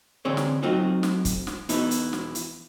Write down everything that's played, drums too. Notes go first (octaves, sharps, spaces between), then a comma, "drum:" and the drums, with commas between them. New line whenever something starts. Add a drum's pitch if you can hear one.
D3 E3 C4 G#4 C#5
drum: snare
F#3 A3 C4 D#4 F4 F#4
drum: snare
drum: kick, hi-hat
drum: snare
E2 B2 B3 D#4 E4, drum: hi-hat
drum: hi-hat
drum: snare
drum: hi-hat